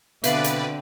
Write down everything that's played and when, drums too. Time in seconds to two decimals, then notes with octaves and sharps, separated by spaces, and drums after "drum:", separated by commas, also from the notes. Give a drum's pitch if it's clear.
0.24 B2 D3 C4 B4 D5 E5 F5 F#7, drum: hi-hat
0.44 drum: hi-hat